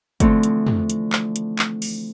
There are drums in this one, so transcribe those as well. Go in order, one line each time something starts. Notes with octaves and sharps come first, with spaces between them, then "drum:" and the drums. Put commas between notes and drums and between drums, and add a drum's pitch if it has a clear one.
D3 E3 F3 A3 C4 D4, drum: kick G1, hi-hat
drum: hi-hat
drum: tom
drum: hi-hat
drum: clap
drum: hi-hat
drum: clap
drum: open hi-hat